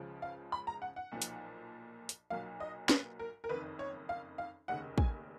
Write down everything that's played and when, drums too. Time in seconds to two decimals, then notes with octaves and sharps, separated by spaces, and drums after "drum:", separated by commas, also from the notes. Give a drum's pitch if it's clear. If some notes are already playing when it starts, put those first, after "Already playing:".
Already playing: C#2 C#3 F3
0.22 F5
0.52 B5
0.67 A#5
0.82 F#5
0.96 F#5
1.12 B1 A#2 F3
1.22 drum: hi-hat
2.09 drum: hi-hat
2.30 B1 A#2 F#3 A#3 F5
2.60 D#5
2.89 B4, drum: snare
3.19 A#4
3.44 A#4
3.49 F#1 F2 D#3 B4
3.79 C#5
4.09 F5
4.38 F5
4.68 F1 D#2 C#3 F#5
4.98 G#5, drum: kick